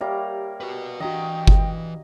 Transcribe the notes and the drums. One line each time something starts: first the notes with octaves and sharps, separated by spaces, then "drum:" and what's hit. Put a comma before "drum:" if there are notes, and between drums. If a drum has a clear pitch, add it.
G3 A#3 G4 C#5 E5 A#5
F#4 B4
E3 D4 F#4 D#5 G5 A#5
drum: kick G1